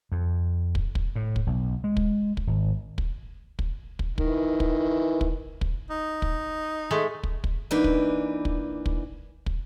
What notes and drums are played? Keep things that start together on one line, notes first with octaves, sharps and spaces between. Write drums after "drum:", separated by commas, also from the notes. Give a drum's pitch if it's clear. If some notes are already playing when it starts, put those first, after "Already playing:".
F2
drum: kick
drum: kick
A2
drum: kick
B1
G#3
drum: kick
drum: kick
G#1
drum: kick
drum: kick
drum: kick
D#3 E3, drum: kick
drum: kick
drum: kick
drum: kick
D#4
drum: kick
G#3 A3
drum: kick
drum: kick
E2 E3 A#3 D4 D#4 B4
drum: kick
drum: kick
drum: kick
drum: kick